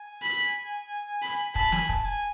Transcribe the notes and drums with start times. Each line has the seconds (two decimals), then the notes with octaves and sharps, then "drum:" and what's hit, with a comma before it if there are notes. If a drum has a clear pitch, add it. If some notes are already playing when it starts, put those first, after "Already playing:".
Already playing: G#5
0.22 B5
1.22 B5
1.55 A5 B5, drum: kick
1.72 G#5, drum: snare
1.89 A5, drum: kick
2.05 G#5